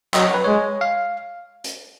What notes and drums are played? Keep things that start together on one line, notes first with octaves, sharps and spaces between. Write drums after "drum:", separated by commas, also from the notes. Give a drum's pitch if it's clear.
F#3 D#5, drum: clap
C#5
B4
G#3 C#5
F5
drum: hi-hat